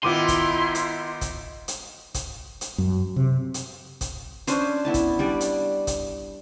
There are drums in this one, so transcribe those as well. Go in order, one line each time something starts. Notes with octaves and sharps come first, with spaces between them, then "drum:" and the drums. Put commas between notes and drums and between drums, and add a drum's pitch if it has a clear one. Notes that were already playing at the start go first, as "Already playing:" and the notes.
D#3 B3 E4 F4 C6 D6 D#7
drum: kick, hi-hat
drum: hi-hat
drum: kick, hi-hat
drum: hi-hat
drum: kick, hi-hat
drum: hi-hat
F#2
C3
drum: hi-hat
drum: kick, hi-hat
C#4 D4 C5, drum: hi-hat
B3 E4 A5
drum: kick, hi-hat
G3 D4 D5
drum: hi-hat
drum: kick, hi-hat